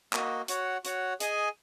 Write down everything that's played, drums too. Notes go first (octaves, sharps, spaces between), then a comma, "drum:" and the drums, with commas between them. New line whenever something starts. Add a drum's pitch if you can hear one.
A#3 F#4 D#5, drum: clap
F#4 C#5 F#5, drum: hi-hat
F#4 C#5 F#5, drum: hi-hat
G#4 D#5 G#5, drum: hi-hat